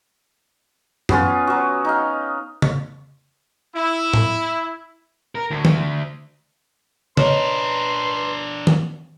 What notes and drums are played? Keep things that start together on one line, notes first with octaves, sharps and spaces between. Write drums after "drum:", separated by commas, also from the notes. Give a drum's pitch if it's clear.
B3 C#4 F4, drum: tom
F#3 F#4
D#4 F5
drum: tom
E4
drum: tom
A#4
D2
drum: tom D#3
D4 A#4 B4 C#5 D#5 C6, drum: tom
drum: tom D#3